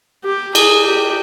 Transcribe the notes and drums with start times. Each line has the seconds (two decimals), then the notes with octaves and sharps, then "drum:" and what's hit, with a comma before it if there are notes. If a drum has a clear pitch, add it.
0.24 G4
0.55 G#4, drum: cymbal
0.85 G4